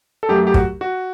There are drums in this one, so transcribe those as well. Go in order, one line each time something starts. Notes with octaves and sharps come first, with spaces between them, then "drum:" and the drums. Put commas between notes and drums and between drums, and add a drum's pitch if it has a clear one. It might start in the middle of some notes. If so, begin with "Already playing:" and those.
A4
F#2 F#3 A3 G4
G4
F#4, drum: kick
F#4